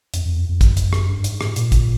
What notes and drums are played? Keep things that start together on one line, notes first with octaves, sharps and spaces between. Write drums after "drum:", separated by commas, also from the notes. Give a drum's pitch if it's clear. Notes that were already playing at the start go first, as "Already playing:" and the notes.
F2, drum: hi-hat
F2
E2
F2
F2
F#2, drum: kick, hi-hat
drum: hi-hat
drum: rim click
G2
G#2, drum: hi-hat
A2, drum: rim click
A#2, drum: hi-hat
drum: kick, hi-hat